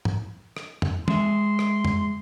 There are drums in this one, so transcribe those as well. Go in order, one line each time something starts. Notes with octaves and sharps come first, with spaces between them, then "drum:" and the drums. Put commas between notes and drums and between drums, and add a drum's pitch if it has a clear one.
drum: tom
drum: rim click
drum: tom
G#3 E5 C6, drum: tom
drum: rim click
drum: tom